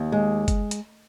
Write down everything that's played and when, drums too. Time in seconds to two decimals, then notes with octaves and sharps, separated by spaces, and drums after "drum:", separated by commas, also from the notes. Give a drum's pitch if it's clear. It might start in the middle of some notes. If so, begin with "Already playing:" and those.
Already playing: D#2
0.12 G#3
0.48 drum: kick F#1, hi-hat
0.71 drum: hi-hat